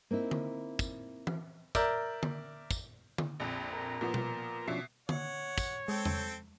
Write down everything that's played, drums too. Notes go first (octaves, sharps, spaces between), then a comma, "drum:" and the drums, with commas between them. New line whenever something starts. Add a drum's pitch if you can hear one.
A#3 C4 D#4 E4
drum: tom D3
drum: kick, tambourine
drum: tom E3
A#4 D5 E5 E6 G6, drum: kick, tambourine
drum: tom D3
drum: kick, tambourine
drum: tom D3
A#1 F2
A#4 A#5
A#2 F3 B3
drum: tom B2
B2 F3 C#4 D4 E5 C7
C#5 F#5, drum: tom D3
drum: kick, tambourine
G#3 C4 A4 G5
drum: tom E2